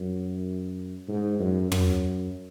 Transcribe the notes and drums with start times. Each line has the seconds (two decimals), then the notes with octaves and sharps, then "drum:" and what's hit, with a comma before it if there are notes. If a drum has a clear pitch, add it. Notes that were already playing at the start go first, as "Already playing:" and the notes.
Already playing: F#2
1.08 G#2
1.39 F#2
1.72 F#2, drum: tom